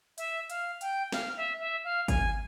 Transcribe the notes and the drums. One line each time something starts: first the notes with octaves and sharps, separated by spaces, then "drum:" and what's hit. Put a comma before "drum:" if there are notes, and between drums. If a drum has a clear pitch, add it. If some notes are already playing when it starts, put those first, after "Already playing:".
E5, drum: hi-hat
F5, drum: hi-hat
G5, drum: hi-hat
F5, drum: snare
E5
E5
F5
G#5, drum: kick, hi-hat